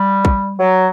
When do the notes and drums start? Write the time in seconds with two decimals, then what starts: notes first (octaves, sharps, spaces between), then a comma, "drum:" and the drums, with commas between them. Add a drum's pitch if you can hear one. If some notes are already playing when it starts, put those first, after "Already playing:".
Already playing: G3
0.25 drum: kick
0.58 F#3